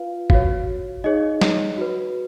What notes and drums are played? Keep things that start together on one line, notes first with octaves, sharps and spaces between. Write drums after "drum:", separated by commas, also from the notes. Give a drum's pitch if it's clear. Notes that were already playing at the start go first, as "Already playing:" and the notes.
Already playing: F4 B4 F5
F#4 C#5 F5, drum: kick G1
D#4 G#4 C#5 D#5
drum: snare
F#4 B4